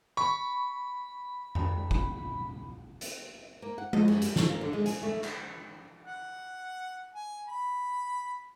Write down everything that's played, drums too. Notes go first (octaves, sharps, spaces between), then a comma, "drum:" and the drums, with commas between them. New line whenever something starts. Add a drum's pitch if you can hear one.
B5 C#6
drum: tom F2
drum: kick
drum: hi-hat
A#3
F#5
D#5, drum: tom G#3
F#2, drum: cymbal
G3, drum: hi-hat
F#3, drum: snare
A#3
D3
G#3
G#5, drum: hi-hat
A3
drum: clap
F#5
G#5
B5